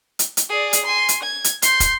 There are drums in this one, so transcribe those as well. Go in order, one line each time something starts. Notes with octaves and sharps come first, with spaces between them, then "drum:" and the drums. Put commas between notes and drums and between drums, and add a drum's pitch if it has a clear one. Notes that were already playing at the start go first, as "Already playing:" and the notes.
drum: hi-hat
drum: hi-hat
G#4 D5
drum: hi-hat
G#5 C6
drum: hi-hat
G#6
drum: hi-hat
C6 G6, drum: hi-hat
drum: kick, hi-hat